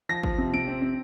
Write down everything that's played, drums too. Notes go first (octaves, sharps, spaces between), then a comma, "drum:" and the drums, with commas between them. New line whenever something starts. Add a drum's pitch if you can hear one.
F3 A#6
F3, drum: kick G#1
C3
C3 D7
C4
C4